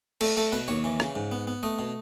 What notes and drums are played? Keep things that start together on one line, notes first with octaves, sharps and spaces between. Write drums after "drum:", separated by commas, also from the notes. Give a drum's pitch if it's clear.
A3 A4, drum: cymbal
A3 A4
B2 B4
D#2 C#5
E3
C#3, drum: rim click
G#2
B3
B3
A3 D#5
B2